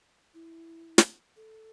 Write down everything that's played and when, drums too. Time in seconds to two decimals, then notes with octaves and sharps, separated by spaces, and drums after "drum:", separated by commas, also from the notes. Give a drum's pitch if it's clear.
0.34 E4
0.98 drum: snare
1.36 A4